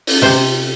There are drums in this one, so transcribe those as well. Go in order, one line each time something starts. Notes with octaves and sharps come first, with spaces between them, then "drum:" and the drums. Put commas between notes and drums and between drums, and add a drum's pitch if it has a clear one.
drum: open hi-hat
C3 C5